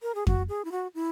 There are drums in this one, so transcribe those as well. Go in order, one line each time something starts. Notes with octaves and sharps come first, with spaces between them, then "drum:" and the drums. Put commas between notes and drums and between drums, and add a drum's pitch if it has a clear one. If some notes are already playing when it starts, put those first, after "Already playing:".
A#4
G#4
F#4, drum: kick F2
G#4
E4
F#4
E4